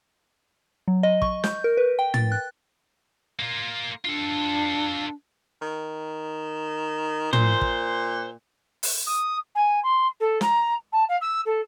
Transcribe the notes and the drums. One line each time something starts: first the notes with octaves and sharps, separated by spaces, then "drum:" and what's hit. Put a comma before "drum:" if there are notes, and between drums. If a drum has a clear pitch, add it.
F#3
D#5
C#6, drum: kick
G6, drum: snare
A#4
B4
G5
A6, drum: tom
F#6
A#3 F4
D4 F4 A4
D#3
A#2 C5, drum: tom
drum: kick
drum: open hi-hat
D#6
G#5
C6
A4
A#5, drum: snare
A5
F5
E6
A4